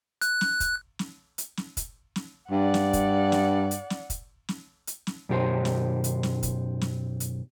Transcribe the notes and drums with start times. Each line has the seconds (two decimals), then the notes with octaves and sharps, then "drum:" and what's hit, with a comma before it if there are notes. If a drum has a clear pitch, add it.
0.22 F#6, drum: hi-hat
0.41 drum: snare
0.60 drum: kick, hi-hat
0.99 drum: snare
1.38 drum: hi-hat
1.57 drum: snare
1.77 drum: kick, hi-hat
2.16 drum: snare
2.51 G2 D5 F#5
2.74 drum: snare
2.93 drum: kick, hi-hat
3.32 drum: snare
3.71 drum: hi-hat
3.90 drum: snare
4.10 drum: kick, hi-hat
4.49 drum: snare
4.87 drum: hi-hat
5.07 drum: snare
5.29 F#2 B2 G4 C5
5.65 drum: snare
6.04 drum: hi-hat
6.23 drum: snare
6.43 drum: kick, hi-hat
6.81 drum: snare
7.20 drum: hi-hat